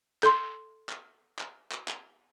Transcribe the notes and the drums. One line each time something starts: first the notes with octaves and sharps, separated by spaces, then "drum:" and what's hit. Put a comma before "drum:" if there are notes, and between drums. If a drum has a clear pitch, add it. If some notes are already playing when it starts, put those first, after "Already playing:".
A4 C6, drum: clap
drum: clap
drum: clap
drum: clap
drum: clap